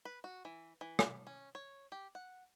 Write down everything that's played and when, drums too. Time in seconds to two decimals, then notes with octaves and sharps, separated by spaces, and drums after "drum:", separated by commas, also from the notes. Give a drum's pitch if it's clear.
0.05 B4
0.24 F#4
0.45 E3
0.81 E3
0.99 drum: rim click
1.27 C#4
1.55 C#5
1.92 G4
2.15 F#5